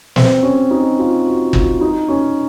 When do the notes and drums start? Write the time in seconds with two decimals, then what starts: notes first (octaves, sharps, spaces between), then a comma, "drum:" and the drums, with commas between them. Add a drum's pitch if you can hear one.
0.16 C4, drum: snare
0.43 C#4
0.71 D#4
0.99 F4
1.26 F#4
1.53 F4, drum: kick
1.81 D#4
2.08 C#4